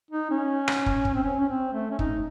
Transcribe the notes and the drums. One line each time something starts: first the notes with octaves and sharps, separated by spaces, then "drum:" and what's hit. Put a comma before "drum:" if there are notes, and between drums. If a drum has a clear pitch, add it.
D#4
C#4
drum: rim click
drum: kick
drum: kick
C4
C#4
C#4
C4
A3
C#4
D#4, drum: kick